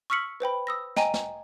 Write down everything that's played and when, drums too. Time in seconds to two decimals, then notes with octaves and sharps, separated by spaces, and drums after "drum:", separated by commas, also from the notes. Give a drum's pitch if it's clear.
0.10 C#6 E6 F6 B6 C#7 F#7
0.40 B4 C5 G5 B5
0.67 D#6 E6 A#6
0.96 D#5 G5 G#5 A#5 D#7, drum: snare
1.14 drum: snare